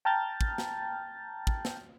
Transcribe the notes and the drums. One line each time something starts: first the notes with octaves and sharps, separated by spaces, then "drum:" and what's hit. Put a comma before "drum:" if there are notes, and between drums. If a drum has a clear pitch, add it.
G5 A5 A#5 F6 G6 A6
drum: kick
drum: snare
drum: kick
drum: snare